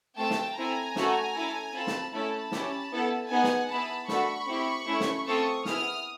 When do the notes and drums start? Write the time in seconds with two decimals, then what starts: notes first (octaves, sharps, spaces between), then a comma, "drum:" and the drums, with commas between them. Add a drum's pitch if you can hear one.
0.17 A3 C4 F4 A4 G5 A5
0.30 drum: snare
0.57 C4 E4 A4 G#5 A#5
0.96 A3 C#4 F#4 A4, drum: snare
1.35 C#4 E4 A4
1.74 C4 F4 A4 A5 B5
1.87 drum: snare
2.13 A3 C#4 E4 A4 A5 B5
2.52 C#4 E4 G4, drum: snare
2.92 B3 E4 A4
3.30 B3 D#4 G#4 F#5 G#5
3.44 drum: snare
3.69 B3 E4 G#4 A5 B5
4.08 A3 D4 F#4 A4 B5 C#6, drum: snare
4.48 C4 E4 G4
4.87 A3 C#4 E4
5.00 drum: snare
5.26 A3 C4 F4 A4 C#6 D#6
5.65 B3 E4 G#4 D#6 F6, drum: snare